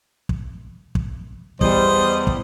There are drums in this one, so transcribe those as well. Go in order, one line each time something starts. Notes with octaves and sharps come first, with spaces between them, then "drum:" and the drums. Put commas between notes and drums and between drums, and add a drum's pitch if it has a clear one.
drum: kick
drum: kick
E2 G3 C5 D#5, drum: kick
drum: kick